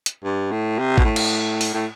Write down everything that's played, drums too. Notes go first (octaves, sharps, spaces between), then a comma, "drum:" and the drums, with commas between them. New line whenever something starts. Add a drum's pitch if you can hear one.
drum: hi-hat
G2
A2
C3
B2, drum: kick A1
A2
drum: cymbal
drum: open hi-hat
A2